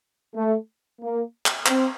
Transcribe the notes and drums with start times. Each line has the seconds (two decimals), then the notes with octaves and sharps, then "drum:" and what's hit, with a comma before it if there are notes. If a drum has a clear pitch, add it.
0.34 A3
1.01 A#3
1.46 drum: clap
1.66 C4, drum: clap